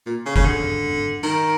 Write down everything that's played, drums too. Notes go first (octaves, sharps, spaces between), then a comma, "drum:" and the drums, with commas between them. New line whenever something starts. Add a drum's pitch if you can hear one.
A#2
C#3
C#3, drum: kick G1
D3
D#3